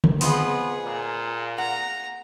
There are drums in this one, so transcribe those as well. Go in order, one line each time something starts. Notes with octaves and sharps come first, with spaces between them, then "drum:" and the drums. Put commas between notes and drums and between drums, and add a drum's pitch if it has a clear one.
drum: tom C#3
B3 C4 F4 G#4 D#5, drum: open hi-hat
A#2
F#5 A#5